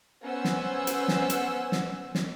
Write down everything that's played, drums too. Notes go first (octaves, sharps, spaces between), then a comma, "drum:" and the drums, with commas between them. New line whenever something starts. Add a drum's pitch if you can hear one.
B3 C#4 C5 F#5 G#5 E6
drum: snare
drum: hi-hat
drum: snare
drum: hi-hat
drum: snare
drum: snare